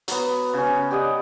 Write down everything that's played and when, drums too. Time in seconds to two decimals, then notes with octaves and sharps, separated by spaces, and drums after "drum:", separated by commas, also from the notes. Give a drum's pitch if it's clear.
0.08 F#3 B3, drum: hi-hat
0.54 C#3 C#4
0.91 G4 D5 D#5 F#5